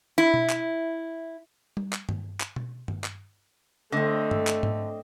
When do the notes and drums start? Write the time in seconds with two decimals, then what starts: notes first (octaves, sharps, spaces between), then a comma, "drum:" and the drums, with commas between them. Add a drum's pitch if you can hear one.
0.18 E4
0.34 drum: tom B2
0.50 drum: clap
1.77 drum: tom G3
1.93 drum: clap
2.09 drum: tom G2
2.40 drum: clap
2.56 drum: tom B2
2.88 drum: tom G2
3.04 drum: clap
3.92 D3 A3 C4 D#5
4.31 drum: tom G2
4.47 drum: clap
4.63 drum: tom G#2